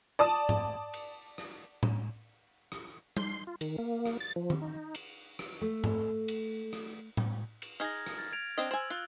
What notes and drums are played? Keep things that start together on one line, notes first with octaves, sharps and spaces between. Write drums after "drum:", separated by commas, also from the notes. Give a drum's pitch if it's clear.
D5 A5 D#6
drum: tom G#2
drum: cymbal
drum: rim click
drum: tom A2
drum: rim click
C6, drum: tom G3
F4
D#3, drum: cymbal
A#3
drum: rim click
A6
F3
drum: tom D#3
D#4
drum: cymbal
drum: rim click
A3
drum: tom G#2
drum: cymbal
drum: rim click
drum: tom A2
drum: cymbal
D#4 G#4 F6 G#6 A#6
drum: rim click
F6 A6
G#6 D7 F7
C4 D4 D#5
C5 G#5 E6 F#7
F4 F#6